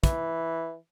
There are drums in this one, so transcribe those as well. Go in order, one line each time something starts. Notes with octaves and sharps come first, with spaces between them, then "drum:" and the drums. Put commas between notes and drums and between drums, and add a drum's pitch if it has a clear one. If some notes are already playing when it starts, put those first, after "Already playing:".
E3, drum: kick, hi-hat